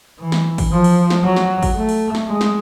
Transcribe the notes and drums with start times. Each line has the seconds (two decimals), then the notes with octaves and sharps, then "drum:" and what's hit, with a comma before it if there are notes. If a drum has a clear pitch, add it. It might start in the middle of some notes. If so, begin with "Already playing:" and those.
0.19 E3
0.32 drum: snare
0.58 drum: kick G#1, open hi-hat
0.72 F3
0.84 drum: open hi-hat
1.10 drum: snare
1.24 F#3
1.36 drum: snare
1.63 drum: kick G#1, open hi-hat
1.75 A3
1.89 drum: open hi-hat
2.15 drum: snare
2.28 G#3
2.41 drum: snare